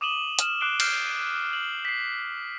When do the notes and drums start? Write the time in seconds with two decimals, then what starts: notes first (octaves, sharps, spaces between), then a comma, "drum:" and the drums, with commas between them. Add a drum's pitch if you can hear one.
0.01 D6 D#6 D#7 E7 F#7 G7
0.39 D#6 F6 E7, drum: hi-hat
0.61 D6 F#6 C7 D7 G7
0.80 F6 G6 C7 D7, drum: cymbal
1.53 F#7
1.85 B6 C7